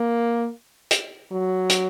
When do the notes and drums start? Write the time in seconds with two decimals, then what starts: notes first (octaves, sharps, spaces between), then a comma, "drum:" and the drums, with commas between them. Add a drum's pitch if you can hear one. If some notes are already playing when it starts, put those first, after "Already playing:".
Already playing: A#3
0.91 drum: hi-hat
1.32 F#3
1.69 drum: hi-hat